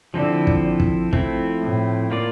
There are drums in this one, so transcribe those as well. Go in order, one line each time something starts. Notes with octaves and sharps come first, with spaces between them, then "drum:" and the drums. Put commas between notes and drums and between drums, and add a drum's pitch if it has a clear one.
D3 F3 C4 E4 A4
drum: kick
drum: kick
F3 A3 C4 E4, drum: kick
A2
A#3 F4 A#4 D5